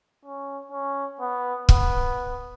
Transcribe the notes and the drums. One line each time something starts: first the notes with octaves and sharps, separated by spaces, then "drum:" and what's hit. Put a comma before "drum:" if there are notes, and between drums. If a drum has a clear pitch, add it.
C#4
C#4
B3
B3, drum: kick